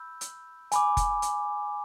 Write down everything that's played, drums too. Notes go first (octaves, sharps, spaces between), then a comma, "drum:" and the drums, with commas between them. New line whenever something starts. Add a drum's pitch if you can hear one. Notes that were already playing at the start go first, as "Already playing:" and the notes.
Already playing: B5 E6 G6
drum: hi-hat
G#5 B5 D6, drum: hi-hat
drum: kick F1, hi-hat
drum: hi-hat